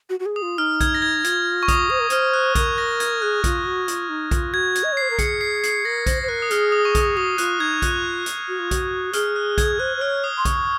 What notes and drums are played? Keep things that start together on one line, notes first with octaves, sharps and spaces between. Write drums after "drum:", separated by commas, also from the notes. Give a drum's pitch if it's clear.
F#4
F#4
G#4
D#6
F4
D#4 F6
G#6, drum: kick B1, hi-hat
A#6
G#6
F4 G#6, drum: hi-hat
C#6
D#6, drum: kick B1, hi-hat
C5 D#6
A#4
C5 F6, drum: hi-hat
F#6
A#4 G#6, drum: kick B1, hi-hat
A#6
G#6, drum: hi-hat
G#4 F#6
F4, drum: kick B1, hi-hat
F#4
F4, drum: hi-hat
D#4
F4, drum: kick B1, hi-hat
F#4 G#6
G#6, drum: hi-hat
D#5
C#5
C5 C7
A#4
G#4 C#7, drum: kick B1, hi-hat
C7
C7, drum: hi-hat
A#4 A#6
C5 A#6, drum: kick B1, hi-hat
C5
A#4 F#6
D#6
G#4 F6, drum: hi-hat
D#6
C#6
D#6, drum: kick B1, hi-hat
F#4 D#6
F4 F#6, drum: hi-hat
D#4 G#6
F4 F#6, drum: kick B1, hi-hat
drum: hi-hat
F#4
F4
F#4, drum: kick B1, hi-hat
G#4 F6, drum: hi-hat
F#6
G#6, drum: kick B1, hi-hat
C5 F#6
C5
C#5 F6
D#6
C6
C#6, drum: kick B1, hi-hat